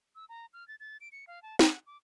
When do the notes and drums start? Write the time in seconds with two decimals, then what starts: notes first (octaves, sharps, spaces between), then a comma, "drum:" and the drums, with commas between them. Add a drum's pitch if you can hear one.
0.15 E6
0.29 A#5
0.53 F6
0.68 A6
0.80 A6
1.01 D7
1.12 C#7
1.27 F5
1.43 A5
1.59 F#5, drum: snare
1.87 D6